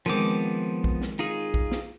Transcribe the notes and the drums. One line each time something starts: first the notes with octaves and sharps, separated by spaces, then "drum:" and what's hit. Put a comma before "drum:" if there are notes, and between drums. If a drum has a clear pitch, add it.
D#3 F3 G#3 B3 C4 D6
drum: kick B1
drum: snare
D#4 F4 G#4
drum: kick B1
drum: snare